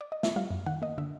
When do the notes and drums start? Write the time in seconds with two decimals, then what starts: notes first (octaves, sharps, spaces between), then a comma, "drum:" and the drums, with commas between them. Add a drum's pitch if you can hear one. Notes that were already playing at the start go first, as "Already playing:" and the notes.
0.01 D5
0.12 D#5
0.23 E5, drum: snare
0.36 G3 F5
0.51 F#2
0.66 D#3 F#5
0.82 A#3 D#5
0.98 D3 E5